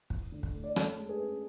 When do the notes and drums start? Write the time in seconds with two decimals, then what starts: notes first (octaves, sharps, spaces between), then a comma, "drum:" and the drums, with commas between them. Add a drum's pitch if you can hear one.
0.10 E2, drum: kick
0.32 D3
0.43 drum: kick
0.54 A3
0.64 D5
0.76 C#4 A4 C#5, drum: rim click
0.98 G#3
1.09 G#4 B4
1.20 C#4